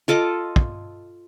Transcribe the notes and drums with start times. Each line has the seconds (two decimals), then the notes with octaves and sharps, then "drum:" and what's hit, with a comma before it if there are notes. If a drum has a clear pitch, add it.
0.08 F4 A4 D#5 D6
0.56 drum: kick